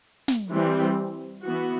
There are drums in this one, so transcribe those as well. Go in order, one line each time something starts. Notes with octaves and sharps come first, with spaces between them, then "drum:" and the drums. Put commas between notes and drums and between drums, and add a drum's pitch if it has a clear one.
drum: snare
E3 G3 C4
E3 B3 F#4